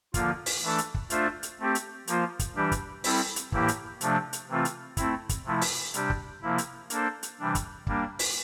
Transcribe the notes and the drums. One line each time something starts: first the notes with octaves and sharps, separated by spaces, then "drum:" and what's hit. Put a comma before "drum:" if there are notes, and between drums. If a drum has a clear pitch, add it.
D3 F3 A#3 F4, drum: kick, hi-hat
drum: open hi-hat
E3 A3 D4 A4
drum: hi-hat
drum: kick
A3 D4 F4 C5 E5, drum: hi-hat
drum: hi-hat
A3 C4 G4
drum: hi-hat
F3 A#3 F4 C5, drum: hi-hat
drum: kick, hi-hat
E3 G3 D4 G4
drum: kick, hi-hat
G3 C4 E4 A4, drum: open hi-hat
drum: hi-hat
A2 E3 A#3 E4 G4, drum: kick
drum: hi-hat
C3 F3 A3 D4, drum: hi-hat
drum: hi-hat
C3 E3 A3 C4 F4
drum: hi-hat
A3 C4 E4, drum: kick, hi-hat
drum: kick, hi-hat
C3 F3 A3 E4
drum: open hi-hat
C3 G3 D4 G4, drum: hi-hat
drum: kick
C3 F3 A#3 E4
drum: hi-hat
A#3 D4 A4 C5, drum: hi-hat
drum: hi-hat
C3 E3 G3 D4
drum: kick, hi-hat
G3 A#3 D4, drum: kick
drum: open hi-hat